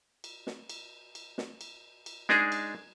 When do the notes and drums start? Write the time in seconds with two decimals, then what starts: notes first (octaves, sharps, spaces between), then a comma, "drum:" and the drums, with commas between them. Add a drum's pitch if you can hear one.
0.24 drum: cymbal
0.47 drum: snare
0.70 drum: cymbal
1.15 drum: cymbal
1.38 drum: snare
1.61 drum: cymbal
2.06 drum: cymbal
2.29 G#3 D4 D#4 G#4, drum: snare
2.52 drum: cymbal